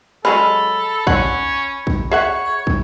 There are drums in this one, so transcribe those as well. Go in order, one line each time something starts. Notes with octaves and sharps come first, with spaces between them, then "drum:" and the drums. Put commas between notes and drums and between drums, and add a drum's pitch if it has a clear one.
F#3 G#3 C#4 A4 B5
C#4 C#5 F#5, drum: kick
drum: kick
G#4 C#5 E5 F#5
drum: kick